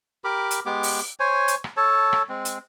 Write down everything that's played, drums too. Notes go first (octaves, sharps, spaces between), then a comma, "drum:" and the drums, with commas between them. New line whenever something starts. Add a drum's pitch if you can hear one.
G4 A#4 B5 D6
drum: hi-hat
G#3 B3 G4 D6
drum: open hi-hat
C5 C#5 G#5
drum: hi-hat
drum: rim click
A4 C#5 A5
drum: rim click
G#3 C4
drum: hi-hat